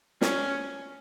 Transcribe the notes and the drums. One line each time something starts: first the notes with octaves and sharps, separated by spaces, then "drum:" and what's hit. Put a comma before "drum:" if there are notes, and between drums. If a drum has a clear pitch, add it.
C#4, drum: snare